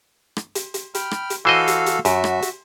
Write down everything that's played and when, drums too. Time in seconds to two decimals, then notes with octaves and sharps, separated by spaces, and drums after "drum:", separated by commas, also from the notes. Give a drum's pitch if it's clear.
0.37 drum: rim click
0.55 drum: hi-hat
0.74 drum: hi-hat
0.95 G5 B5 F6, drum: hi-hat
1.11 drum: rim click
1.30 drum: hi-hat
1.45 E3 F#4 A4 C5 D#5 F5
1.68 drum: hi-hat
1.86 drum: hi-hat
2.05 F#2 F#4 E5, drum: hi-hat
2.24 drum: rim click
2.42 drum: hi-hat